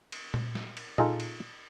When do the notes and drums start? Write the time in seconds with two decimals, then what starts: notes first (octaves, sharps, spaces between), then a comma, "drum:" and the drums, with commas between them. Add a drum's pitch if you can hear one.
0.12 drum: cymbal
0.34 drum: tom A#2
0.55 drum: snare
0.77 drum: cymbal
0.98 D#4 F4 G#4 A4 D#5, drum: tom A#2
1.20 drum: cymbal